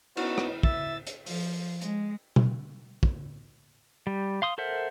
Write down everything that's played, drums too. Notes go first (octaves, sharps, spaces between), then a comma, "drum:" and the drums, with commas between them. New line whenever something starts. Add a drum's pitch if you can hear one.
B3 C#4 D#4 E4 F#4 D#5, drum: cymbal
drum: rim click
E5 E6 A6, drum: kick
drum: hi-hat
F3, drum: open hi-hat
G#3, drum: hi-hat
drum: tom B2
drum: kick
G3
F5 C6 D#6
A4 A#4 C5 E5 F#5